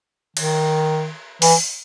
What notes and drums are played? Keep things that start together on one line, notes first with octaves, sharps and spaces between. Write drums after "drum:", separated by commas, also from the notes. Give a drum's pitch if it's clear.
D#3, drum: cymbal
E3, drum: open hi-hat